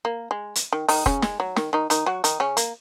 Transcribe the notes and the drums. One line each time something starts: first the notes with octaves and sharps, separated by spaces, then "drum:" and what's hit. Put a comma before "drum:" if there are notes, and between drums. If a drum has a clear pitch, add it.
A#3
G#3
drum: hi-hat
D#3
D#3 D#4, drum: open hi-hat
C#3 C#4, drum: kick F1
G#3, drum: snare
F#3
D#3, drum: snare
D#3 D#4
D#3 D#4, drum: hi-hat
F#3 F#4
D#3 D#4, drum: hi-hat
C#3 C#4
A#3, drum: hi-hat